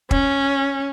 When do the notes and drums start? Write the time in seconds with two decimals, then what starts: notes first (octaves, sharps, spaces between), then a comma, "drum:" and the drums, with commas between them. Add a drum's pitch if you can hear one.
0.11 C#4, drum: kick